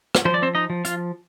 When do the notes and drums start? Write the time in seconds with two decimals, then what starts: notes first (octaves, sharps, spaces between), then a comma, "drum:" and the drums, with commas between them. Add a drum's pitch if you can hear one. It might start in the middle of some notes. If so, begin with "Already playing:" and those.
0.15 drum: rim click
0.25 F3 C5
0.34 D5
0.42 C4 C5
0.55 D#4 D#5
0.70 F3
0.85 F4 F5, drum: hi-hat